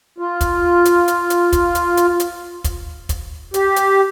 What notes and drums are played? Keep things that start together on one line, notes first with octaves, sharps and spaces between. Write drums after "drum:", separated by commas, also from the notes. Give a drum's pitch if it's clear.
F4
drum: kick, hi-hat
drum: hi-hat
drum: hi-hat
drum: hi-hat
drum: kick, hi-hat
drum: hi-hat
drum: hi-hat
drum: hi-hat
drum: kick, hi-hat
drum: kick, hi-hat
G4, drum: hi-hat
drum: hi-hat